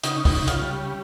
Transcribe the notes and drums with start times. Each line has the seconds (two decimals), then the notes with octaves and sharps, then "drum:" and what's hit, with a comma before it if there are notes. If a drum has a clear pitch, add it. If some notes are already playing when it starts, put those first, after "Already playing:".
0.04 C#3 D#4, drum: hi-hat
0.25 D#4, drum: kick, open hi-hat
0.33 C#3
0.48 F4, drum: hi-hat
0.62 G3